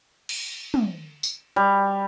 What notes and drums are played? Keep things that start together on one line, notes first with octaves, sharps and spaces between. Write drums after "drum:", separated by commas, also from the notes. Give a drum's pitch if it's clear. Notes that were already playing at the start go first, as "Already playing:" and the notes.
drum: cymbal
drum: tom
drum: tambourine
G3